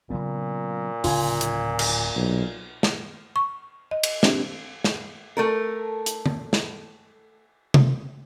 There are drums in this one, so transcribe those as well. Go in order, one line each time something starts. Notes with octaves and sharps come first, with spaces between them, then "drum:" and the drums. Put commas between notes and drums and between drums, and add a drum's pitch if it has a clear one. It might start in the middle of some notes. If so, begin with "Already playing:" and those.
A#2 C#3 F#3 B3
D1 C#3 F4 G#5, drum: open hi-hat
drum: hi-hat
drum: cymbal
B1
drum: snare
C#6
D#5
drum: cymbal
C4 D4 G4, drum: snare
drum: snare
A3 A4 A#4
drum: hi-hat
drum: tom D3
drum: snare
drum: tom C3